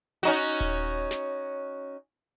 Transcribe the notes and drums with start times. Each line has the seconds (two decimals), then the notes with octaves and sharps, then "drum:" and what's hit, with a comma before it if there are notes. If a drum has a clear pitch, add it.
0.23 C#4 D#4 F#4, drum: snare
0.60 drum: kick D#1
1.11 drum: snare